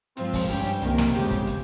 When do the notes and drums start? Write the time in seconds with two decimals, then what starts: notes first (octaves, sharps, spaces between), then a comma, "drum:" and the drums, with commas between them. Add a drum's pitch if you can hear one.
0.17 G#2 F3 C4 F4, drum: hi-hat
0.33 drum: kick, open hi-hat
0.49 G2 G3 C#4 G4, drum: hi-hat
0.66 drum: hi-hat
0.82 C2 C3 D#3 A#3, drum: hi-hat
0.98 drum: snare
1.15 G1 F2 C#3 G#3 G4, drum: hi-hat
1.31 drum: kick, hi-hat
1.47 drum: hi-hat